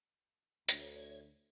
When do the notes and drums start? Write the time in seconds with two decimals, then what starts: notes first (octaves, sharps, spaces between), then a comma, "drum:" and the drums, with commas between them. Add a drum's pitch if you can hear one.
0.69 D2 C#5, drum: hi-hat